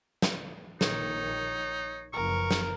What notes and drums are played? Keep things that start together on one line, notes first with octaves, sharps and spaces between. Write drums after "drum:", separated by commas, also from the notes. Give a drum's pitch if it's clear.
drum: snare
A#1 D#3 D#4 C#5, drum: snare
F#1 E3 F3 A#4 C#6
drum: snare